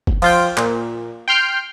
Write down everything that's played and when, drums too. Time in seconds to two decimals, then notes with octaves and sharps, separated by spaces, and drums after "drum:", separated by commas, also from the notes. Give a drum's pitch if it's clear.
0.07 drum: kick
0.22 F3 F4 G5, drum: cymbal
0.57 A#2, drum: clap
1.28 G5 C6 F6 G6